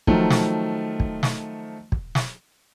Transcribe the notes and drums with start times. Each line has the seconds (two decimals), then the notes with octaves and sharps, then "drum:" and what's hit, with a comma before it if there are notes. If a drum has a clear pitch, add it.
0.07 D#3 F3 F#3 A3, drum: kick
0.30 drum: snare
1.00 drum: kick
1.23 drum: snare
1.92 drum: kick
2.15 drum: snare